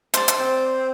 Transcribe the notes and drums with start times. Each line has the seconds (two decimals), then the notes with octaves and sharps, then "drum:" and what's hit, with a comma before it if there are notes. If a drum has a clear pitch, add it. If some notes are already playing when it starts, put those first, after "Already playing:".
0.14 C5 D5, drum: hi-hat
0.28 drum: hi-hat
0.39 C4